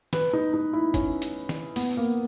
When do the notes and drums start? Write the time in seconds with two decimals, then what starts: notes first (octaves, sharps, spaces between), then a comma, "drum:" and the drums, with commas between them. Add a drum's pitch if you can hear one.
0.13 B4, drum: snare
0.33 D#4
0.54 D#4
0.73 E4
0.94 C#4, drum: kick, hi-hat
1.22 drum: hi-hat
1.49 drum: snare
1.76 B3, drum: open hi-hat
1.97 A#3